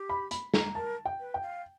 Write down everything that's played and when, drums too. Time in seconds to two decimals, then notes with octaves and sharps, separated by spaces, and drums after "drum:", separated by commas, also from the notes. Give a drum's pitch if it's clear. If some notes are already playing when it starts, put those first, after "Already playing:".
Already playing: G4
0.09 B5
0.31 B5, drum: hi-hat
0.54 A#5, drum: snare
0.75 A#4 A5
1.05 G5
1.20 B4
1.34 G5
1.42 F5